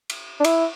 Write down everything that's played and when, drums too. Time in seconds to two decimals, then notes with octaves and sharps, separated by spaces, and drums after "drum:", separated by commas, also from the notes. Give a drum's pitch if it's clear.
0.10 drum: cymbal
0.40 D4
0.44 E4, drum: cymbal